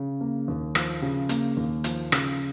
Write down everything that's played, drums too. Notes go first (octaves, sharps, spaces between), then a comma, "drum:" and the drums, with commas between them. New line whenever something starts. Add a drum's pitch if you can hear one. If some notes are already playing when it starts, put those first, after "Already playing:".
Already playing: C#3
A#3
D#2
F3, drum: rim click
C#3
A#3, drum: hi-hat
D#2
F3, drum: hi-hat
C#3, drum: rim click